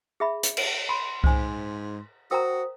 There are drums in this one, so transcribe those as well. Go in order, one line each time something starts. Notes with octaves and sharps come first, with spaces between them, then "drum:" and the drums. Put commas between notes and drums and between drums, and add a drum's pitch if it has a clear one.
G#4 E5 B5
drum: hi-hat
drum: cymbal
B5 C6
G#2 C5 G#5, drum: kick C2
F#4 A#4 C5 G5 A#5 D#6